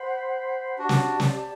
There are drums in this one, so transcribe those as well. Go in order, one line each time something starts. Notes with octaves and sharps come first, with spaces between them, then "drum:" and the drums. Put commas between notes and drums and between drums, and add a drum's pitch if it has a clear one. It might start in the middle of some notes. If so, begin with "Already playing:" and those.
Already playing: C5 F#5 B5
D4 F#4 G4 D5 A5
drum: snare
drum: snare